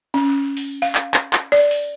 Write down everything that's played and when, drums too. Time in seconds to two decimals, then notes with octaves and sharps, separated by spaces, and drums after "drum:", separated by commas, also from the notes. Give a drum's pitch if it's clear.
0.14 C#4
0.57 drum: open hi-hat
0.82 F5
0.95 drum: clap
1.14 drum: clap
1.33 drum: clap
1.52 D5
1.71 drum: open hi-hat